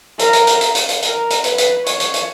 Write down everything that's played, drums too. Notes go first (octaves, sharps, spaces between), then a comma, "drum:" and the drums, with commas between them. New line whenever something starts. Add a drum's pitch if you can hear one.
A#4, drum: hi-hat
drum: hi-hat
drum: hi-hat
drum: hi-hat
drum: hi-hat
drum: hi-hat
A#4, drum: hi-hat
drum: hi-hat
B4, drum: hi-hat
drum: hi-hat
C#5, drum: hi-hat
drum: hi-hat
drum: hi-hat